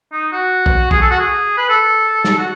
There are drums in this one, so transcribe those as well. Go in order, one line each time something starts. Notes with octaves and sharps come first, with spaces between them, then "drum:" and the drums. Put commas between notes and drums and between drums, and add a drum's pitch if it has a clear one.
D#4
F#4
drum: kick
G#4, drum: kick
A4
F#4
G#4
B4
A4
drum: snare
F#4